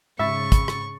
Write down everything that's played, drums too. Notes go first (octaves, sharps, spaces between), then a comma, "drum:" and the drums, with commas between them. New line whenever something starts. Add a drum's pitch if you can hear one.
G#2 C#3 E5 B5 C#6 A6
drum: kick, hi-hat
drum: rim click